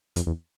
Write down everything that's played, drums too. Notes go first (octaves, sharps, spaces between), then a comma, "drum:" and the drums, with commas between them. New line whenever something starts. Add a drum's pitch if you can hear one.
F2, drum: hi-hat
E2